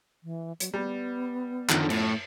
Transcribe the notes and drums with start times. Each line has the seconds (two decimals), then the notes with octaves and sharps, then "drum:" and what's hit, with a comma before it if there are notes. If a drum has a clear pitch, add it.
0.23 E3
0.60 F#3, drum: hi-hat
0.74 G3 B3
1.70 F#2 D3 D#3 F3, drum: clap
1.90 A2, drum: cymbal